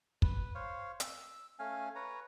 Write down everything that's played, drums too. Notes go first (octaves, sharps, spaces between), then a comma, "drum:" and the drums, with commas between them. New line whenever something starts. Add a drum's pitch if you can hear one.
B4, drum: kick
C5 C#5 F5
E6, drum: hi-hat
A3 C#4 F5 G#5
B4 C#5 A#5